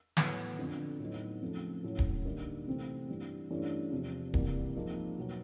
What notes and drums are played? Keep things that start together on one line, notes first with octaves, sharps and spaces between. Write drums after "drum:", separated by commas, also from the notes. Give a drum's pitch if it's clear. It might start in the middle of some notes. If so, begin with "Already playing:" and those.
A2 F#3 B3, drum: snare
F2 D3 F3
A2 F#3 B3 D#4
F2 C#3 F3 A3
A2 F#3 A3 C#4 E4
drum: kick D1
D3 G3 A#3 D#4
C3 E3 A3 C4
G2 E3 G3
G2 E3 A3 C#4 E4
E2 C3 F3
C2 C3 E3 G3 A#3, drum: kick D1
G#2 F3 A#3 D#4
B2 F#3 B3